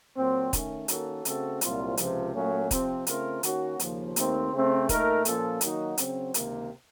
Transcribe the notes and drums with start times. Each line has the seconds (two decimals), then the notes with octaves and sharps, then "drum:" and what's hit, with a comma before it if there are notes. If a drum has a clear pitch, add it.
0.16 A#2 F#3 C4
0.53 D#3 A3 C#4, drum: kick, hi-hat
0.88 D#3 A#3 C#4 F#4 A4, drum: hi-hat
1.25 C#3 A3 C4 F#4 A4, drum: hi-hat
1.61 C2 A#2 F#3 C4 F4, drum: hi-hat
1.97 C#2 C3 F3, drum: hi-hat
2.34 A#2 F#3 A3 C#4
2.71 C3 F3 C4, drum: kick, hi-hat
3.07 C#3 A3 C4 F4 A#4, drum: hi-hat
3.43 D#3 A#3 C#4 F#4, drum: hi-hat
3.80 D#2 C#3 F3 A#3, drum: hi-hat
4.16 D#2 D#3 A3 C4, drum: hi-hat
4.53 C#3 A3 C4
4.89 A#2 A3 D#4 A#4, drum: kick, hi-hat
5.25 A#2 F3 A#3 C#4 A4, drum: hi-hat
5.61 D#3 F#3 A#3 D#4 F#4, drum: hi-hat
5.98 C#3 F#3 C4, drum: hi-hat
6.34 C#2 C3 D#3 A#3, drum: hi-hat